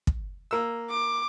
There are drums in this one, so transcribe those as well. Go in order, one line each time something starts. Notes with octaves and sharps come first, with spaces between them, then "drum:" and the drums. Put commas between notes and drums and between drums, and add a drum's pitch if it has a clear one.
drum: kick
A#3 E6
D6